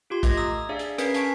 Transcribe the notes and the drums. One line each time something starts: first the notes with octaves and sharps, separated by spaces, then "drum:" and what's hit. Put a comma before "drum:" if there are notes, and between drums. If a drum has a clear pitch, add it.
F4 G4 C6
A3 D#5 G#6 A#6, drum: kick A#1, hi-hat
A#5 D#6 E6
D4 G#4 D5 E5 F5
drum: hi-hat
C#4 A#4 B4 G#6 B6 C7, drum: hi-hat
G#5 A5 C#6 B6 D7, drum: hi-hat